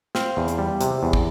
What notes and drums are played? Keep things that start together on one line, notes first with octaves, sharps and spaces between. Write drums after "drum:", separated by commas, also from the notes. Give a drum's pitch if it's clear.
C4 F5, drum: snare
E2
drum: hi-hat
G3
C3, drum: hi-hat
E2
drum: kick